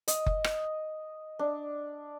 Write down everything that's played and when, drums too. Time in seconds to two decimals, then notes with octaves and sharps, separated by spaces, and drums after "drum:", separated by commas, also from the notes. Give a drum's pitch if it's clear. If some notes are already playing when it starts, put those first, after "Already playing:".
0.08 D#5, drum: hi-hat
0.26 drum: kick F#1
0.44 drum: rim click
1.39 D4